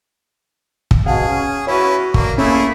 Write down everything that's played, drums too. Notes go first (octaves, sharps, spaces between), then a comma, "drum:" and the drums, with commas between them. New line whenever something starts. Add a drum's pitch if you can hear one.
drum: kick
B2 G#4 F5 F#5 A5
C#4
B3 C#4 E4 F#4 C#5
A#3 D4, drum: kick
A3 A#3 C#4 E4 G#4